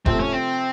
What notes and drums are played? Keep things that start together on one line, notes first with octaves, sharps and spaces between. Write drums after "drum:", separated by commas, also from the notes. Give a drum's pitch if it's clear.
C3 F3 A3 C4, drum: kick F1
C#4
C4